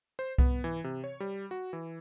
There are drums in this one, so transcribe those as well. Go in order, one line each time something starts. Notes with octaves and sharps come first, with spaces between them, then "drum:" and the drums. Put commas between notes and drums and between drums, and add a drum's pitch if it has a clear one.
C5
B3, drum: kick C2
E3
C3
C#5
G3
F#4
E3